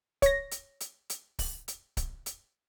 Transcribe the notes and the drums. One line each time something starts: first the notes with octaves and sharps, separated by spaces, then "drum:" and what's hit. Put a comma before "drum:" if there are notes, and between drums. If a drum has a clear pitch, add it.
C#5 A#6, drum: kick C#1, hi-hat
drum: hi-hat
drum: hi-hat
drum: hi-hat
drum: kick C#1, open hi-hat
drum: hi-hat
drum: kick C#1, hi-hat
drum: hi-hat